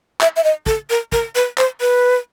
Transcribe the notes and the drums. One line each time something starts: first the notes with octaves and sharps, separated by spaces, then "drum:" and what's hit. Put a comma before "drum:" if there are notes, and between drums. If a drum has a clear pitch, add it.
E5, drum: clap
E5
D#5
A4, drum: kick
A#4
A#4, drum: kick
B4
C5, drum: clap
B4